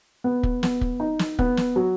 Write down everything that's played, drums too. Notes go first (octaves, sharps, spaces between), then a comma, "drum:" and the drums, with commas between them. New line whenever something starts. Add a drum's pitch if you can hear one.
B3
drum: kick
B3, drum: snare
drum: kick
D#4
drum: snare
B3, drum: kick
drum: snare
F#3